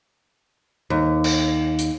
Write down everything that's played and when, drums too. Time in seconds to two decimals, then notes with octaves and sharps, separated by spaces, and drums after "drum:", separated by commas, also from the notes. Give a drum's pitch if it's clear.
0.90 D#2
1.24 drum: cymbal
1.79 drum: hi-hat